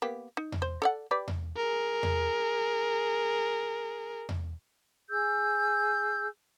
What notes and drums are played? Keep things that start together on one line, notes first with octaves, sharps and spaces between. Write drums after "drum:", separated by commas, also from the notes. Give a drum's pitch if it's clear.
A#3 B3 G4
D#4
drum: tom E2
C5
A4 D5 F#5
G4 B4 D5
drum: tom E2
G#4 A#4
drum: tom E2
drum: tom E2
G#4 E6 G6